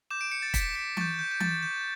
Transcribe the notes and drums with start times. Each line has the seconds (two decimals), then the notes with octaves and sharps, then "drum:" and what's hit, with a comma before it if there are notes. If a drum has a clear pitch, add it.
0.10 D6 G6 E7
0.21 D7
0.32 C#7
0.42 A6
0.54 B6, drum: kick, hi-hat
0.76 B6
0.97 C#6 G6 A6, drum: tom E3
1.19 G6
1.32 G6
1.40 A6, drum: tom E3
1.63 G6